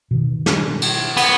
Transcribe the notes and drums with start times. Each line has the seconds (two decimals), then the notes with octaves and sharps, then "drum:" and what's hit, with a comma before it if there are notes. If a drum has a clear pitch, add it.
0.11 B2 D#3
0.46 drum: snare
0.82 drum: cymbal
1.17 B3, drum: cymbal